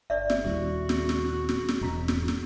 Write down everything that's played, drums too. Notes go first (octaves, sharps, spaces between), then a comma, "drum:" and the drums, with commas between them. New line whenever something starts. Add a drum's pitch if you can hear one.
G1 D5 E5
drum: snare
D#1 G3 E4 F#4
drum: snare
drum: snare
drum: snare
drum: snare
E1 G#2 A#5 B6
drum: snare
drum: snare